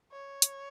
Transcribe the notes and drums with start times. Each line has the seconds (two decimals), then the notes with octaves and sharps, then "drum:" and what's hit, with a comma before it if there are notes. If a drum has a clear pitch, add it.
0.12 C#5
0.42 drum: hi-hat